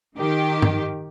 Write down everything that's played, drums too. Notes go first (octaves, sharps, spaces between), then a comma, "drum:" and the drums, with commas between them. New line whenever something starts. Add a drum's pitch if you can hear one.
D#3 G4
drum: tom G2